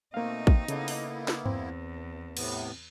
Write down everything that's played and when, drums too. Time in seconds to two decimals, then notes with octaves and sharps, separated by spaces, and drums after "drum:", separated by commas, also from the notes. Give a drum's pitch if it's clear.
0.14 B2 A3 A#3 C4 D#4 F5
0.47 drum: kick
0.68 C#3 A#3 B3 E4 A4 D#5, drum: hi-hat
0.88 drum: open hi-hat
1.28 drum: snare
1.45 E2 C4, drum: tom G2
2.37 A2 C3 B3, drum: cymbal